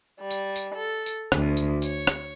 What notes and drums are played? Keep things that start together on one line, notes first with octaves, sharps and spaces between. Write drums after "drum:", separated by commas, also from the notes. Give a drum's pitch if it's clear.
G3
drum: tambourine
drum: tambourine
A4
drum: tambourine
D2, drum: rim click
drum: tambourine
C#5, drum: tambourine
drum: rim click